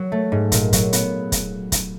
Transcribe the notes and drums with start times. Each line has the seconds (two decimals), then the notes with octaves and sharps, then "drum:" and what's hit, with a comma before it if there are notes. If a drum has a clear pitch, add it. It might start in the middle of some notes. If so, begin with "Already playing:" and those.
Already playing: F#3
0.12 A3
0.32 G#2
0.52 A#2, drum: kick, hi-hat
0.73 F#3, drum: kick, hi-hat
0.93 B3, drum: hi-hat
1.32 drum: kick, hi-hat
1.72 drum: kick, hi-hat